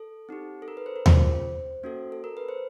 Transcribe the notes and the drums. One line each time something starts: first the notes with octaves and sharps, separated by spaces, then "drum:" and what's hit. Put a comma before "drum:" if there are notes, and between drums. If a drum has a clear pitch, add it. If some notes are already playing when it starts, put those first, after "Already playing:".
Already playing: A4
C4 D#4 G4
A4
A#4
B4
C5
A#4
C#4 F4 G#4 C5, drum: tom D#2
A#3 C#4 F#4 A4
A4
A#4
B4
C5